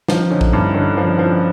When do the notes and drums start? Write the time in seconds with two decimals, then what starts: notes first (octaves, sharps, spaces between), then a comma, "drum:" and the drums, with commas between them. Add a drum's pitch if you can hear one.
0.08 F3 C#4 D#4, drum: snare
0.30 D3 C#4 D#4
0.41 drum: kick
0.52 G2 D4 E4
0.74 D3 C#4 D#4
0.97 F3
1.08 C4 D4
1.19 F3